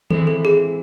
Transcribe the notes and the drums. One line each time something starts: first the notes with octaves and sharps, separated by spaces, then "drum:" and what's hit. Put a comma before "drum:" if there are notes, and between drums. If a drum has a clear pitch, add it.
E3 G#3 C4 E4 A4, drum: tom D#3
A4
G#4